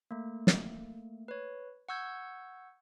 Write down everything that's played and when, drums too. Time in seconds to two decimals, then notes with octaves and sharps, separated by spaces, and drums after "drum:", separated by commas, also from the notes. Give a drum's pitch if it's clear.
0.11 A3 A#3
0.47 drum: snare
1.28 B4 C#5
1.89 F#5 C#6 E6 G6 G#6